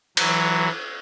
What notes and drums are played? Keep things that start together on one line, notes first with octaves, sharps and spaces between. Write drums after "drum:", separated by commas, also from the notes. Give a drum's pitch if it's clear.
E3 F#3, drum: cymbal